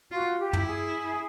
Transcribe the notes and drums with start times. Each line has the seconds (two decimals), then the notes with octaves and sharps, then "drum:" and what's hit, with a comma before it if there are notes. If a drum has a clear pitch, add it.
0.11 F4 F#4
0.38 G4
0.53 E4, drum: tom
0.66 G#4